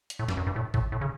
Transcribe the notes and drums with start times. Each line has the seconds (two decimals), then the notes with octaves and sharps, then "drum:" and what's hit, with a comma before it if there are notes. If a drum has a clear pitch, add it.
0.10 drum: hi-hat
0.19 A2
0.28 G2, drum: snare
0.37 F#2
0.47 G2
0.56 A2
0.74 A2, drum: kick A1
0.92 A2
1.01 C#3